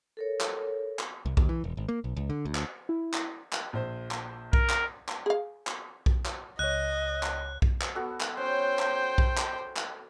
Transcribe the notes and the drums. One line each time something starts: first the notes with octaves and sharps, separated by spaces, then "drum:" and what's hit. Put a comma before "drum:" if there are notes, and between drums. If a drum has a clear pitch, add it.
A4 A#4 C#5
drum: clap
drum: clap
C2
D#2, drum: kick B1
E3
E1
G#1
A#3
B1
C#2
D3
D2
drum: clap
E4
drum: clap
drum: clap
A#1 C5
drum: clap
A#4, drum: kick B1
drum: clap
drum: clap
G#4 F5
drum: clap
drum: kick B1
drum: clap
C#2 C#5 D#5 F#6
drum: clap
drum: kick B1
drum: clap
B3 F#4 A4
drum: clap
C#4 C5 G5
drum: clap
drum: kick B1
drum: clap
drum: clap